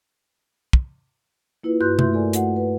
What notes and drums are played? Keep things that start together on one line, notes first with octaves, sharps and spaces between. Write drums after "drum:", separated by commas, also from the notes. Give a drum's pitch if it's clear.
drum: kick
A#3 E4 F4 B4
G2 F#4 B4 C6 F#6 G6
A3 E4 E5 C6 G6, drum: tom C3
A4 A#4 D5 G#5
A3 F#4 F#5, drum: hi-hat
B4